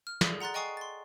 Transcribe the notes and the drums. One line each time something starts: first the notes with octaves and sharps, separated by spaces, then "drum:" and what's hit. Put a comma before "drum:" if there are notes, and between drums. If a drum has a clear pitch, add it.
F6
G#4 A4 D5 D#6 G7, drum: snare
F#5 A#5 C6 F#6 A6
D#5 G5 G#5 C#6 D#6 C7
C6 A6